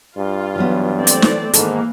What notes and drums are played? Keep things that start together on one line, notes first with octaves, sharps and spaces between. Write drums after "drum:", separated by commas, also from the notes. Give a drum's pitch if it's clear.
G2 F4
E3 F#3 B3
A3 C4 D5
drum: hi-hat
drum: snare
G#2 D#3 E3 A#3 A4, drum: hi-hat